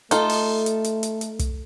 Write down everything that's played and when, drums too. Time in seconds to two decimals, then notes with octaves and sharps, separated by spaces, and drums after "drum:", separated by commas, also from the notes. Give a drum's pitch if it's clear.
0.11 A3 D#4 F4 A4, drum: hi-hat
0.29 drum: open hi-hat
0.66 drum: hi-hat
0.84 drum: hi-hat
1.03 drum: hi-hat
1.21 drum: hi-hat
1.39 drum: kick, hi-hat